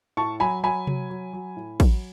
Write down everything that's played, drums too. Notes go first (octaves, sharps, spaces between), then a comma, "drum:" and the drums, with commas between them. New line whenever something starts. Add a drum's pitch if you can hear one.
A2 A5 C#6
F#3 G#5 B5
F#3 G#5 B5
F#3, drum: tom C3
F#3
F#3
A2
F#3, drum: kick, cymbal